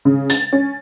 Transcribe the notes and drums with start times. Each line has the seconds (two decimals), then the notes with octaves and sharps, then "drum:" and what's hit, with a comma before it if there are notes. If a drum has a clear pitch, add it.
0.05 C#3
0.30 A6, drum: open hi-hat
0.53 C#4